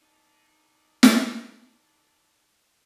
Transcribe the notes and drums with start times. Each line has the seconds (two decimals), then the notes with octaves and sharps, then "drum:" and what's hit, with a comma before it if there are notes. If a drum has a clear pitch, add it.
0.02 E2 D4 D#4 D5
1.03 drum: snare